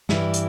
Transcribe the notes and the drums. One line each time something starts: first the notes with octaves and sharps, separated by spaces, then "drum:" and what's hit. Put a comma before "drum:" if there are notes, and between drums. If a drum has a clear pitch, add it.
G2 E3 E4 G4, drum: snare
drum: hi-hat